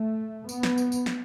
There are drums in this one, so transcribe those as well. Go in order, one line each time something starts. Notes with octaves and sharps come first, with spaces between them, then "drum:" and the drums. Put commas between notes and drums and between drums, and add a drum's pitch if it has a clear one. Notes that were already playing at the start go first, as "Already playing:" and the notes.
Already playing: A3
B3, drum: tambourine
drum: snare
drum: tambourine
drum: tambourine
drum: snare